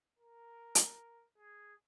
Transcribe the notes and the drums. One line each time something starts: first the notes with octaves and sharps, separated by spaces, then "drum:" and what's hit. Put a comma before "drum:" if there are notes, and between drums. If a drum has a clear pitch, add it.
A#4
drum: hi-hat
G#4